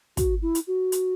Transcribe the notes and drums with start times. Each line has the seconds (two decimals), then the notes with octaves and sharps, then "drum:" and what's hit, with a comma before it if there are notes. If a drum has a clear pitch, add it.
0.17 F#4, drum: kick, hi-hat
0.42 E4
0.55 drum: hi-hat
0.67 F#4
0.92 drum: hi-hat